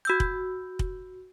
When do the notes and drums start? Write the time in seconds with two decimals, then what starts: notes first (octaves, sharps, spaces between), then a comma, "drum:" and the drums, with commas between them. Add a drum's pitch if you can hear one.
0.05 F#4 E6 G6
0.20 drum: kick
0.79 drum: kick